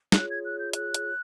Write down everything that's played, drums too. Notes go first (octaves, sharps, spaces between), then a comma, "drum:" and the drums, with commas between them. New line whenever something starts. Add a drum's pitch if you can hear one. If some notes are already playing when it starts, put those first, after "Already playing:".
F4 G#4 C#5 F#6, drum: snare
G#6
F#6
G6
F#6, drum: hi-hat
drum: hi-hat